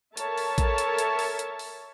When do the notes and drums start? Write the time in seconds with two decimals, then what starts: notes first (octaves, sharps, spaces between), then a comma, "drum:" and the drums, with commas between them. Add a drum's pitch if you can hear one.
0.17 A4 A#4 C#5 E5 A5, drum: hi-hat
0.38 drum: open hi-hat
0.58 drum: kick A1, hi-hat
0.78 drum: hi-hat
0.98 drum: hi-hat
1.19 drum: open hi-hat
1.39 drum: hi-hat
1.59 drum: open hi-hat